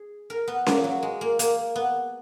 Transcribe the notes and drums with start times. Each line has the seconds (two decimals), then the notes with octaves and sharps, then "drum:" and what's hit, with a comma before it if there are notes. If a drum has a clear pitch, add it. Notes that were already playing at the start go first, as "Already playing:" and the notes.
Already playing: G#4
0.30 A#4
0.48 B3
0.66 A#3, drum: snare C#4
0.84 F#3
1.03 G#3
1.21 A#3
1.39 A#3, drum: hi-hat
1.76 B3